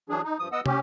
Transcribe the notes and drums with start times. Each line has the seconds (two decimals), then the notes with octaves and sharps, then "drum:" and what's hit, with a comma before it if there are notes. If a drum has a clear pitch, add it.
0.10 E3 F#3 D4 G#4
0.24 D#4
0.39 G2 F3 D#6
0.52 B3 D#5 F#5 D#6 E6
0.66 C#4 G4, drum: tom